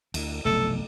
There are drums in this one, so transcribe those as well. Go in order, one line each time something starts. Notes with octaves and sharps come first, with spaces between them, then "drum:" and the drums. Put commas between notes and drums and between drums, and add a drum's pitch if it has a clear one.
D2, drum: cymbal
F1 B1 G2 A3 A4